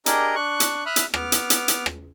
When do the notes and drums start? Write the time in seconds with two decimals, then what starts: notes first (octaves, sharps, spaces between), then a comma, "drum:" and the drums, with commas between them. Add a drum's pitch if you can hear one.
0.06 D4 G4 G#4 A#4 D#5 A#5, drum: hi-hat
0.35 D4 C#6 F#6
0.60 drum: hi-hat
0.86 E5 B5 D#6 F6 F#6
0.96 drum: hi-hat
1.14 B3 D6 F6, drum: rim click
1.32 drum: hi-hat
1.50 drum: hi-hat
1.68 drum: hi-hat
1.86 drum: rim click